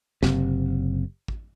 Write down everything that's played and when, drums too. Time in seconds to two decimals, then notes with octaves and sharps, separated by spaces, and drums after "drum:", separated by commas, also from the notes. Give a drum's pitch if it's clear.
0.23 F#1 C3, drum: snare
1.28 drum: kick